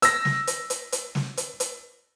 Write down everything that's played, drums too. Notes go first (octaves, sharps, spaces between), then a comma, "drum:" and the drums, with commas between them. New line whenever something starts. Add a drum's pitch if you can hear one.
E6 A#6, drum: hi-hat
drum: snare
drum: hi-hat
drum: hi-hat
drum: hi-hat
drum: snare
drum: hi-hat
drum: hi-hat